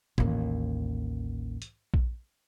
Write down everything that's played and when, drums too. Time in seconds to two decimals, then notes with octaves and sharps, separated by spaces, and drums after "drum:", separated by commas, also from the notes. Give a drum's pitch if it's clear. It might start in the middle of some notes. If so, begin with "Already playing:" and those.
0.18 A1 D#2, drum: tom
1.62 drum: hi-hat
1.94 drum: kick A#1